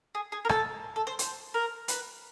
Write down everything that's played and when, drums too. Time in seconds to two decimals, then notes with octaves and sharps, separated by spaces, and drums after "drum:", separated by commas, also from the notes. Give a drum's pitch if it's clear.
0.15 G#4
0.32 G#4
0.45 A#4
0.49 A4, drum: rim click
0.96 A4
1.07 C5
1.19 C5, drum: hi-hat
1.54 A#4
1.88 B4, drum: hi-hat